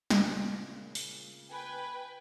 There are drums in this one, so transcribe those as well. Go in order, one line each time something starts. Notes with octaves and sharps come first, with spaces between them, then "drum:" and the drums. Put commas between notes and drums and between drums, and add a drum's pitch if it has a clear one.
A#2 C#3, drum: snare
drum: open hi-hat
B4 G5 G#5